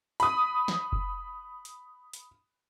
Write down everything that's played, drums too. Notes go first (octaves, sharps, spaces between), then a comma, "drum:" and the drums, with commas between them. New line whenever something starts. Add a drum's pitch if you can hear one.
B5 D#6, drum: hi-hat
drum: snare
drum: kick F#1
drum: hi-hat
drum: hi-hat